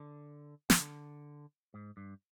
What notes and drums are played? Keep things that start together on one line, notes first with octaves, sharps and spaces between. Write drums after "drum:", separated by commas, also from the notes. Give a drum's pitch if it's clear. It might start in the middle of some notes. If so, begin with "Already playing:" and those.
Already playing: D3
D#3, drum: snare
D3
G#2
G2